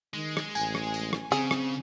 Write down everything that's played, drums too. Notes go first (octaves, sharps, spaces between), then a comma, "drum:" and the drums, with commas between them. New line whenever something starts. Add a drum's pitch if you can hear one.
D#3 G#3
drum: rim click
A1 G#5, drum: tambourine
drum: rim click
drum: tambourine
drum: rim click
C#3 C4 G#4, drum: tambourine
drum: rim click